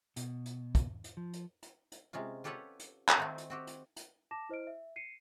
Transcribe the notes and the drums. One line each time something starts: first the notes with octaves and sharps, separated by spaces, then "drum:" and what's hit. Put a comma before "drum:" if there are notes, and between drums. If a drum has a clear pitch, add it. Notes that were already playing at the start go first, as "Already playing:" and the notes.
B2, drum: hi-hat
drum: hi-hat
drum: kick, hi-hat
drum: hi-hat
F3
drum: hi-hat
drum: hi-hat
drum: hi-hat
C3 G#3 C#4 F4
F4 G4 A4 B4 C#5 F#5
drum: hi-hat
drum: clap
D#3 A3 C4
drum: hi-hat
C4 F#4 G4
drum: hi-hat
drum: hi-hat
A5 D6 A#6 E7
E4 C5 D#5 F6 D7
E5
C7 C#7 D#7